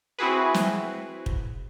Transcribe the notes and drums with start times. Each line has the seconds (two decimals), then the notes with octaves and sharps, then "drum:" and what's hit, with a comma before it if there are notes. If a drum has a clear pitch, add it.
0.19 C4 E4 F#4 G#4 B4
0.54 drum: snare
1.26 drum: kick